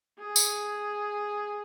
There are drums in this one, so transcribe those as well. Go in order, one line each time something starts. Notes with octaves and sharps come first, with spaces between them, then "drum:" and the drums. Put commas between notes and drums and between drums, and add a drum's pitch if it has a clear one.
G#4
drum: tambourine